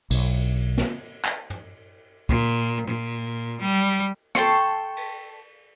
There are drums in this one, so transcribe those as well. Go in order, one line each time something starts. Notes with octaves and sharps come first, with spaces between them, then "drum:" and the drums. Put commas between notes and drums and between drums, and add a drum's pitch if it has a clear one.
B1, drum: cymbal
drum: snare
drum: clap
drum: tom
A#2, drum: kick
A#2
G3
A4 G5 C6 C#6, drum: snare
drum: cymbal